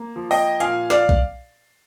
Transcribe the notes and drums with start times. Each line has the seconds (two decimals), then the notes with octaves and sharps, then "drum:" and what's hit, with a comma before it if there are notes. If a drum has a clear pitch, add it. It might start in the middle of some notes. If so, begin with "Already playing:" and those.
Already playing: A#3
0.16 F3
0.31 D#5 G5, drum: open hi-hat
0.60 A#2 F5 G#5, drum: hi-hat
0.90 D5 F5, drum: snare
1.09 drum: kick B1